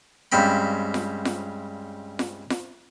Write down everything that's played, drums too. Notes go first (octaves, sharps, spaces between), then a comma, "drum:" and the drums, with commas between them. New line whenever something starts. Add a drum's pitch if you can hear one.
C#2 G2 C4 G5 B5
drum: snare F4
drum: snare F4
drum: snare F4
drum: snare F4